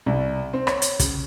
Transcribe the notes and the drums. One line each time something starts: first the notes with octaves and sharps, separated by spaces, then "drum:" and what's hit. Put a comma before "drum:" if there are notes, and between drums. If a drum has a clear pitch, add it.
C2
C4
C#5, drum: rim click
drum: hi-hat
C#3, drum: kick, hi-hat